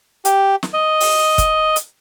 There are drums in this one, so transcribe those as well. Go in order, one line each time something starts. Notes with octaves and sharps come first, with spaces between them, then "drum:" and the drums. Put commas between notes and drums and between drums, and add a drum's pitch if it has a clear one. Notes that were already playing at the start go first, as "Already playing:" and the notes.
G4, drum: hi-hat
drum: snare
D#5
drum: open hi-hat
drum: kick, hi-hat
drum: hi-hat